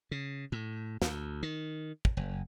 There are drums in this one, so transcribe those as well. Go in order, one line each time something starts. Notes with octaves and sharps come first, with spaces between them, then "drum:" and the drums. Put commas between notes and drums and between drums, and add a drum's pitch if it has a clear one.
C#3
A2
D2, drum: snare
D#3
drum: kick
F#1